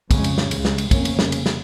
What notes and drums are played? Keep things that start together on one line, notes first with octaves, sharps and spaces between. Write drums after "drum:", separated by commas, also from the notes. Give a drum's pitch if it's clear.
F2 C#3 G#3 C#4, drum: kick, cymbal
drum: cymbal
drum: snare
C#2 C#3 G#3, drum: cymbal
drum: snare
drum: cymbal
F1 F2 C#3 A#3 C#4, drum: kick, cymbal
drum: cymbal
drum: snare
drum: cymbal
drum: snare